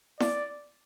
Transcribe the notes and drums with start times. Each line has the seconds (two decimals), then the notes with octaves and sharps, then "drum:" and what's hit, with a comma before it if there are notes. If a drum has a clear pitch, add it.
0.20 D5, drum: snare E4